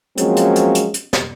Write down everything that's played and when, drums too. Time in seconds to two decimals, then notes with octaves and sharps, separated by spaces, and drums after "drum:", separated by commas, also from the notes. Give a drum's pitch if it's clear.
0.17 F3 F#3 G#3 A#3 C4 C#4, drum: hi-hat
0.36 drum: hi-hat
0.56 drum: hi-hat
0.75 drum: hi-hat
0.94 drum: hi-hat
1.13 drum: snare